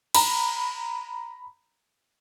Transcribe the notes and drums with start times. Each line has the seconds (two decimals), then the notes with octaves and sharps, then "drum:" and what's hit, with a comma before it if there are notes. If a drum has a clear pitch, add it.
0.15 A#5 B5, drum: cymbal